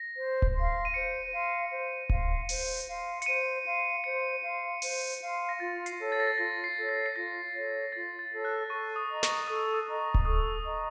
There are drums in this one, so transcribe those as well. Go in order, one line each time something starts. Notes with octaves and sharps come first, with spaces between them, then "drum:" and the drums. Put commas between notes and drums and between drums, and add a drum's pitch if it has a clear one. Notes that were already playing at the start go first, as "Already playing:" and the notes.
Already playing: A#6
C5
drum: kick D1
F5 C6
D#7
C5 C#7
F5 C6
C5
F5 C6, drum: kick D1
C5, drum: open hi-hat
F5 C6
C#7, drum: hi-hat
C5 D#7
F5 C6
C5 C#7
F5 C6
C5, drum: open hi-hat
F5 C6
A#6
F4 A6
C7, drum: hi-hat
A4 C#5
A6
A#6
A6
F4 A#6
C7
A4 C#5
A#6
C7
F4 A#6
A4 C#5
F4 A6
A6
A4 C#5
F#6
A4 C#6
D#6
D#5 A#5
C#6, drum: snare
A4 D#6
D#6
D#5 A#5
C#6
drum: kick D1
A4 D#6
D#5 A#5